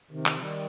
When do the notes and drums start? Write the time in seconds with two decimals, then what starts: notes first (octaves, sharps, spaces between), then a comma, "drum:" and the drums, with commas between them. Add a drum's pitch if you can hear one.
0.11 C3 D#3
0.26 drum: clap
0.36 F3
0.40 D#3 G3